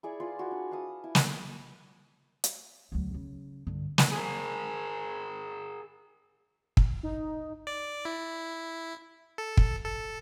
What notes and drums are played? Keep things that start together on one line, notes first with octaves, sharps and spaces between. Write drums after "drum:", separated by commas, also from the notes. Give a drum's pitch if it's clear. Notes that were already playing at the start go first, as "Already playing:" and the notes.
E4 G#4 D5 C#6
F4 B4 D5 C6
E4 F#4
D4
B4 F5 A5 D#6
E4
drum: snare
drum: hi-hat
D2 F#3
C#3
G2 D3
drum: snare
G#4 A#4
drum: kick
D#4
D5
E4
A4
drum: kick
A4